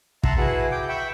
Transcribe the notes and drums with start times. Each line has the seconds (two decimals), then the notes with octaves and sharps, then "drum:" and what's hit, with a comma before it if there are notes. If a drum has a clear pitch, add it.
0.23 E5 F#5 A5 A#5 C6, drum: kick
0.37 E4 F#4 G#4 B4 F#5
0.71 G5 D6
0.89 E5 G5 B5 C#6